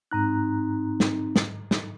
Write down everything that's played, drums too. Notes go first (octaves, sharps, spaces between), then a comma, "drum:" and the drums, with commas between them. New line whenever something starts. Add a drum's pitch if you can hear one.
G#2 C4 D#4 A#5 F#6
drum: snare
drum: snare
drum: snare